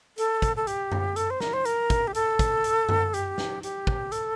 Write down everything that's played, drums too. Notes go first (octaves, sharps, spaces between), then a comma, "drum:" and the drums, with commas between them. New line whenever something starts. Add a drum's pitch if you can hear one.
A4, drum: hi-hat
drum: kick, hi-hat
A4
G4, drum: hi-hat
drum: tom F#2
A4, drum: hi-hat
C5
A#4, drum: snare
C5
A#4, drum: hi-hat
drum: kick, hi-hat
G4
A4, drum: hi-hat
drum: kick, hi-hat
drum: hi-hat
drum: tom F#2
G4, drum: hi-hat
drum: snare
G4, drum: hi-hat
drum: kick
A4, drum: hi-hat